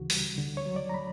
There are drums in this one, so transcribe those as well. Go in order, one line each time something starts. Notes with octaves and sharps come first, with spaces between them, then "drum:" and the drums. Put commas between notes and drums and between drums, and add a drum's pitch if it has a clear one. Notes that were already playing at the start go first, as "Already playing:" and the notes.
Already playing: D2 C#3 E3 F#4
G3, drum: open hi-hat
D3
C#5
F#3
D5
A#5
B5